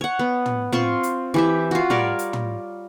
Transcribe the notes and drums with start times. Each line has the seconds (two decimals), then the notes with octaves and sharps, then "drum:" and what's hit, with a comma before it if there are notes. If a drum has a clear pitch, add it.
0.01 C#5 F#5
0.19 B3
0.46 drum: tom
0.72 C4 F4 C6 C#6, drum: tom
1.03 drum: hi-hat
1.34 E3 G4 E5
1.71 F4 F#4
1.90 G3 A#4 C#5 D5, drum: tom
2.19 drum: hi-hat
2.33 drum: tom